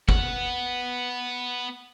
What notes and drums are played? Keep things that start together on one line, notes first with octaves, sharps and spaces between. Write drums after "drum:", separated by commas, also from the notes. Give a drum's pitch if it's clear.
B3 F#5, drum: kick G1